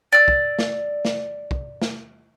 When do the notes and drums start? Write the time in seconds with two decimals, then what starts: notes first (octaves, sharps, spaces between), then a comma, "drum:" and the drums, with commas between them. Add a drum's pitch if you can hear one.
0.12 D5 E6
0.28 drum: kick
0.59 drum: snare
1.05 drum: snare
1.51 drum: kick
1.82 drum: snare